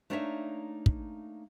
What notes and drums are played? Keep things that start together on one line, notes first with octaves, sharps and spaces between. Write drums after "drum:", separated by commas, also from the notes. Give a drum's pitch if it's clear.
A3 A#3 D4 D#4 C#5 E5
drum: kick